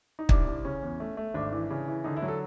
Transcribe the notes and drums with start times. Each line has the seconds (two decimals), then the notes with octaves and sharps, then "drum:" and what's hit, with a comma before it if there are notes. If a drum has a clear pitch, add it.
0.19 D#4
0.29 C2 D4, drum: kick
0.47 C2
0.65 C#3 C#4
0.83 E2
1.00 A3
1.17 A3
1.34 G#1 D4
1.52 E3
1.70 C#3
1.88 E3
2.04 D3 D#4
2.17 E4
2.22 F#3
2.28 A4